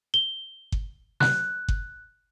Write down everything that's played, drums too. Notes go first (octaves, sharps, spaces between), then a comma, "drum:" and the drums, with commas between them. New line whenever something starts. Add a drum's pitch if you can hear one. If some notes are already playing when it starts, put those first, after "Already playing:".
G7
drum: kick G1
F#6, drum: snare
drum: kick G1